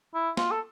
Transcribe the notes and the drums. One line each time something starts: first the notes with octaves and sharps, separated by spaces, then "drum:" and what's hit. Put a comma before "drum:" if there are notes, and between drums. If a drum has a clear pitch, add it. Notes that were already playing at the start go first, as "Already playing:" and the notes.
E4
F4, drum: snare A#3
A4